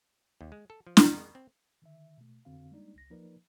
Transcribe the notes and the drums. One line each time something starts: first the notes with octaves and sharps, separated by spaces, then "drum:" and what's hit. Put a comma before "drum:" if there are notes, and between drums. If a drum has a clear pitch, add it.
D#2
G#3
A4
F3
drum: snare
G#3
C4
D3 D#3 E5
B2 A3
F2 D3 C4 F#4 F5
G3 G#3 A#3 D4 D#4 D5
G#1 C#2 A#6
F3 A#3 D#4 A#4 B4 D5